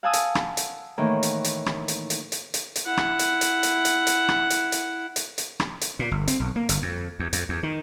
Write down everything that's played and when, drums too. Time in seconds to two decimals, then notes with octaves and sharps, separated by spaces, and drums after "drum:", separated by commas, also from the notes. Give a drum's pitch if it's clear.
0.03 F5 F#5 G#5 A5 D#6 E6
0.13 drum: hi-hat
0.35 drum: rim click
0.57 drum: hi-hat
0.97 A2 D#3 E3 A#3
1.23 drum: hi-hat
1.44 drum: hi-hat
1.66 drum: rim click
1.88 drum: hi-hat
2.10 drum: hi-hat
2.32 drum: hi-hat
2.54 drum: hi-hat
2.76 drum: hi-hat
2.86 E4 F#5
2.97 drum: rim click
3.19 drum: hi-hat
3.41 drum: hi-hat
3.63 drum: hi-hat
3.85 drum: hi-hat
4.07 drum: hi-hat
4.29 drum: rim click
4.50 drum: hi-hat
4.72 drum: hi-hat
5.16 drum: hi-hat
5.38 drum: hi-hat
5.60 drum: rim click
5.81 drum: hi-hat
5.99 A#2
6.11 G1
6.28 C4, drum: hi-hat
6.40 B1
6.56 A#3
6.69 G1, drum: hi-hat
6.82 F2
7.19 E2
7.33 F2, drum: hi-hat
7.49 E2
7.63 D#3